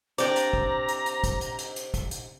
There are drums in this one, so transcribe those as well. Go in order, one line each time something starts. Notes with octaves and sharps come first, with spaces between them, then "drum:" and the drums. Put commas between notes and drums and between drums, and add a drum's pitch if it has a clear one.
C3 D4 A#4 C5 D5 G5 A#5, drum: hi-hat
drum: hi-hat
drum: kick
drum: hi-hat
drum: hi-hat
drum: kick, hi-hat
drum: hi-hat
drum: hi-hat
drum: hi-hat
drum: kick, hi-hat
drum: hi-hat